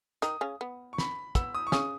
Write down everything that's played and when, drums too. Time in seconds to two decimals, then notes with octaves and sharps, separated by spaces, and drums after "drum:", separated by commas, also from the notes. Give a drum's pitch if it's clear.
0.22 D#3 D#4 D#6, drum: hi-hat
0.41 C#3 C#4
0.61 B3
0.93 C#6
0.98 B5, drum: snare
1.35 B3 E6, drum: kick, hi-hat
1.55 D#6
1.67 C#6
1.72 C#3 C#4 D#6, drum: snare